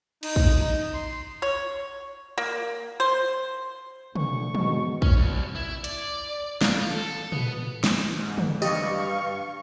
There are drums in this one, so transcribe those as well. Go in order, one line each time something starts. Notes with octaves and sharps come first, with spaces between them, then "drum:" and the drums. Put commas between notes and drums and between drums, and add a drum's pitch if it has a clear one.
D#4, drum: cymbal
drum: kick
D#4
C6
C#5
A#3
C5
D2 C#6, drum: tom
G#2 B2, drum: tom
C#4, drum: kick
C2
E4
D5, drum: hi-hat
F4, drum: snare
A4
B3, drum: tom
drum: snare
G#2
drum: tom
D2 G2 G4 D#5 F5 C#6, drum: tambourine